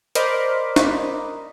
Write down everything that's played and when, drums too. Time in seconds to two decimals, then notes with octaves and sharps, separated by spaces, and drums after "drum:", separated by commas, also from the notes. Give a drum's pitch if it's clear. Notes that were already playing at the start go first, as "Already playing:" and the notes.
0.15 A#4 C5 D5 D#5 B5 D6, drum: hi-hat
0.76 drum: snare